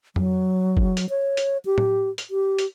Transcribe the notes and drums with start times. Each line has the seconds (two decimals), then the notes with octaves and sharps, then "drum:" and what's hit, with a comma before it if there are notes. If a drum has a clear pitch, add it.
0.16 F#3, drum: tom F2
0.77 drum: kick
0.97 drum: hi-hat
1.10 C#5
1.37 drum: hi-hat
1.65 G4
1.78 drum: tom A2
2.18 drum: hi-hat
2.31 G4
2.59 drum: hi-hat